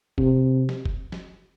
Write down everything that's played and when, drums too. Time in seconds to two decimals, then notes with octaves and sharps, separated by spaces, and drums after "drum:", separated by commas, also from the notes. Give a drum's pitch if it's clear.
0.18 C3, drum: kick F1
0.69 drum: snare
0.85 drum: kick F1
1.12 drum: snare